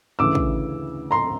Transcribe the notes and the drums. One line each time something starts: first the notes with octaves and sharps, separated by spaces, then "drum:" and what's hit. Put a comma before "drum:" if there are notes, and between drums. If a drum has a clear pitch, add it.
D2 C#3 E3 D6 E6
drum: kick
A#5 C6